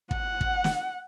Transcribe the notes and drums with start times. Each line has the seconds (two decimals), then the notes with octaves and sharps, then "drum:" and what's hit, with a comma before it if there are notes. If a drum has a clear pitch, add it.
0.11 F#5, drum: kick
0.41 drum: kick
0.64 drum: snare